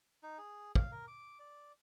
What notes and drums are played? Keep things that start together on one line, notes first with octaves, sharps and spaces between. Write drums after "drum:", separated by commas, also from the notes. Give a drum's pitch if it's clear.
D#4
G#4
F5, drum: kick
A#4
D6
D5